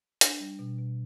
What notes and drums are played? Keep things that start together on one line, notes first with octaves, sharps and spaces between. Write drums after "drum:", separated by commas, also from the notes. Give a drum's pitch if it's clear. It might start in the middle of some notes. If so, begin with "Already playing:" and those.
D4, drum: hi-hat
G3
B2
B2